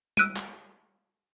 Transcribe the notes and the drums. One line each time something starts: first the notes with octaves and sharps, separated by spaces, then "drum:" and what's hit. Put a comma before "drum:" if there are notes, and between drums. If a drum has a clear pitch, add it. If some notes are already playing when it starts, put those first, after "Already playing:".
E6 F#6 D7 D#7, drum: tom G3
drum: clap